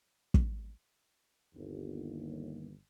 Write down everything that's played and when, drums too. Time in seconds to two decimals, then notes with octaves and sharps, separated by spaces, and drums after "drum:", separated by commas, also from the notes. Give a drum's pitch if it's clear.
0.34 drum: kick
1.54 G1 D#2